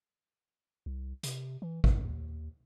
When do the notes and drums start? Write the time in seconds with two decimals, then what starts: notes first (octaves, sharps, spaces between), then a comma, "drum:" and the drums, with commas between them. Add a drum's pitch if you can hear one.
0.86 C2
1.23 C3, drum: hi-hat
1.62 E3
1.84 F#2, drum: kick G#1
2.04 D#2